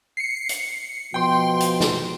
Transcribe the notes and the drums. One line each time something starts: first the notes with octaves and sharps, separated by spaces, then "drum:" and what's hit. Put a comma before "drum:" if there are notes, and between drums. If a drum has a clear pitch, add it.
C7 C#7
drum: hi-hat
B2 F3 G5 C6
drum: hi-hat
drum: snare